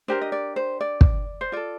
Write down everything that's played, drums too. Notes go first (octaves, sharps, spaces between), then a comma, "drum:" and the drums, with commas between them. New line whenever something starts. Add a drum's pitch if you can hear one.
D4 G4 A#4 C5
D#5
D5
C5
D5
drum: kick
C5
F4 A4 D5